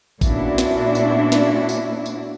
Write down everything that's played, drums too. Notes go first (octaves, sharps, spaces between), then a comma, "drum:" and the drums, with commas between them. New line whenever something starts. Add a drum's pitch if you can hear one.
A#2 B3 C#4 D4 E4 F#4, drum: kick, tambourine
drum: snare
drum: tambourine
drum: snare
drum: tambourine
drum: tambourine